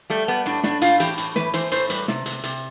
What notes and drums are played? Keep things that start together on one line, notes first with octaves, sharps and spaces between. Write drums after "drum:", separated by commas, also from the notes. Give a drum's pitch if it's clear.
G3 A3
G3 B3
A2 D4
A2 D4, drum: snare
A2 F4, drum: hi-hat
E3 G4, drum: hi-hat
A2, drum: hi-hat
E3 B4, drum: snare
E3 C5, drum: hi-hat
A2 C5, drum: hi-hat
G3 B4, drum: hi-hat
C3, drum: snare
C3, drum: hi-hat
C3, drum: hi-hat